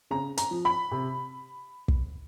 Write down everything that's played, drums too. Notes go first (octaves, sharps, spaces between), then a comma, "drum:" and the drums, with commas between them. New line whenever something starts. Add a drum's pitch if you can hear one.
C#3 A#5
A#5, drum: hi-hat
F3
B5
C3
drum: kick